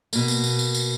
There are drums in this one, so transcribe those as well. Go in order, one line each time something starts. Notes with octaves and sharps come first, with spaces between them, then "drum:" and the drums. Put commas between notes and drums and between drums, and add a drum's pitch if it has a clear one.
B2 A#3, drum: tambourine
drum: tambourine
drum: tambourine
drum: tambourine
drum: tambourine